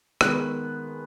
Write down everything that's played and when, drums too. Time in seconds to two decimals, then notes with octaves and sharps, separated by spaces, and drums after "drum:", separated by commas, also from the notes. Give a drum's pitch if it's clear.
0.21 D#3 G#3 B3 F#6, drum: rim click